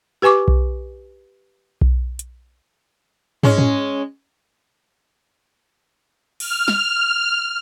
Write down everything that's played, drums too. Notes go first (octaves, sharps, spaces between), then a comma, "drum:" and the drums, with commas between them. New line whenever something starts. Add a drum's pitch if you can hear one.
G4 B4 G#5 C#6 D6
drum: kick B1
drum: kick B1
drum: hi-hat
G#3 C#4, drum: tom
drum: tom
F6, drum: cymbal
drum: snare